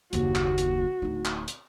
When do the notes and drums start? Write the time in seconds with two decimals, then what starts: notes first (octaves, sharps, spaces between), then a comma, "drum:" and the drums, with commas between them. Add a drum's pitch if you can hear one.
0.13 F#1 D#2 F#4, drum: hi-hat
0.35 drum: clap
0.58 drum: hi-hat
1.02 D1 D#4
1.25 drum: clap
1.48 drum: hi-hat